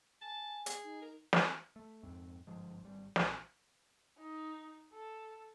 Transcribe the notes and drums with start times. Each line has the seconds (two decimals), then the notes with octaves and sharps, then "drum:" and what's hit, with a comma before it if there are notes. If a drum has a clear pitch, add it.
0.22 G#5 A5
0.66 G#4, drum: hi-hat
0.84 D#4
1.02 A#4
1.33 drum: snare
1.76 A3
2.03 F2 G#2 C4
2.47 G1 G#2 F3 G#3
2.82 G#1 G3
3.16 A#1, drum: snare
4.18 D#4
4.93 A4